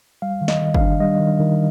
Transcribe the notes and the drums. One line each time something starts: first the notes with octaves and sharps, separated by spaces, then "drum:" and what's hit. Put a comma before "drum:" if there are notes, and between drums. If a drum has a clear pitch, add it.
G3 F5
D#3
D#5, drum: snare
D#3
F5, drum: kick
D4
G3 D#5
D#3
D#3